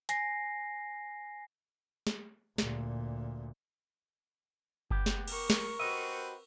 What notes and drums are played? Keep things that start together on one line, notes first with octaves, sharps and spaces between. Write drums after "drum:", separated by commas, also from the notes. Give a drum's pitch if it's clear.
G#5 A#6 C7, drum: hi-hat
drum: snare
D2 A#2, drum: snare
B3 G4, drum: kick G1
drum: snare
A#4 C#6, drum: cymbal
drum: snare
C4 F#4 G4 B4 D#5 E6 D#7